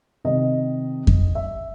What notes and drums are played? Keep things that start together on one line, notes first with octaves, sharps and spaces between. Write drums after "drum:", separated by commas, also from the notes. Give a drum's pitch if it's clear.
C3 D#3 D#5
drum: kick F2
E5